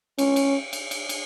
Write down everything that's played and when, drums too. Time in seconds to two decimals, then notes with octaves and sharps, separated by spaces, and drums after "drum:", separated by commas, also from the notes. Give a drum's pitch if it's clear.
0.18 C#4, drum: cymbal
0.36 drum: cymbal
0.73 drum: cymbal
0.91 drum: cymbal
1.09 drum: cymbal